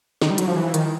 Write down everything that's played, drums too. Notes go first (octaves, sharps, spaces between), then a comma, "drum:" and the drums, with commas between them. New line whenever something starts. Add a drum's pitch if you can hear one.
D#3, drum: snare
G3
F#3, drum: hi-hat
F3
E3
D#3, drum: hi-hat